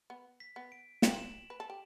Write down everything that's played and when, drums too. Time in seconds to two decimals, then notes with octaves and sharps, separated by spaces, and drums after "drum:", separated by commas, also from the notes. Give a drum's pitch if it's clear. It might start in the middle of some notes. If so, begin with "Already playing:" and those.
0.10 B3
0.40 B6
0.56 B3
0.72 D7
1.02 C4 E7, drum: snare
1.10 F#7
1.18 E7
1.50 B4
1.60 A4
1.70 G4